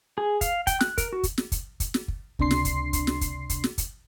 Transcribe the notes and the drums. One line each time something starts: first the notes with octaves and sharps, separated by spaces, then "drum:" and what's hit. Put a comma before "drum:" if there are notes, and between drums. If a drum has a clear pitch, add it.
G#4
F5, drum: kick, hi-hat
G5, drum: kick, hi-hat
F#6, drum: snare
A#4, drum: kick, hi-hat
F#4
drum: kick, hi-hat
drum: snare
drum: kick, hi-hat
drum: kick, hi-hat
drum: snare
drum: kick
C#2 C3 D4 C6 C7, drum: kick
drum: snare
drum: kick, hi-hat
drum: kick, hi-hat
drum: snare
drum: kick, hi-hat
drum: kick, hi-hat
drum: snare
drum: kick, hi-hat